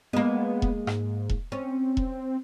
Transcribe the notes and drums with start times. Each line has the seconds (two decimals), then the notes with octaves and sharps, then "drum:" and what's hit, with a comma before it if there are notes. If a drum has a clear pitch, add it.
0.13 G#3 A#3 B3
0.62 drum: kick E1
0.87 G#2, drum: rim click
1.29 drum: kick E1
1.52 C4 C#4
1.97 drum: kick E1